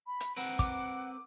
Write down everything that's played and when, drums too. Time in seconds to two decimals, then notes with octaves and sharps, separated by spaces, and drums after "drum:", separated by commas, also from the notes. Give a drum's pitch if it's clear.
0.07 B5
0.21 drum: hi-hat
0.37 C4 A#4 B4 F#5
0.59 D6, drum: kick, hi-hat